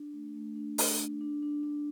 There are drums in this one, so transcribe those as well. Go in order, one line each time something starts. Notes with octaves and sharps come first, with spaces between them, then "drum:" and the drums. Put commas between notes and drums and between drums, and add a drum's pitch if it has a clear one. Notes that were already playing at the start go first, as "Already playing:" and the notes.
Already playing: D4
A3
A3
D4
A3, drum: open hi-hat
D4
D4
D4
D4